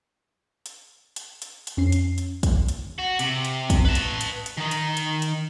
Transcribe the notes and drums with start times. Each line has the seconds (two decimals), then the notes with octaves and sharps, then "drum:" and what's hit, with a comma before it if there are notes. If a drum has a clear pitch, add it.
0.66 drum: hi-hat
1.16 drum: hi-hat
1.42 drum: hi-hat
1.67 drum: hi-hat
1.77 F2 C#4 C7
1.92 drum: hi-hat
2.18 drum: hi-hat
2.43 drum: kick, hi-hat
2.68 drum: hi-hat
2.98 F#4
3.19 C3, drum: hi-hat
3.45 drum: hi-hat
3.70 drum: kick, hi-hat
3.85 B4 A5
3.95 drum: hi-hat
4.21 drum: hi-hat
4.46 drum: hi-hat
4.57 D#3 D#4
4.71 drum: hi-hat
4.97 drum: hi-hat
5.22 drum: hi-hat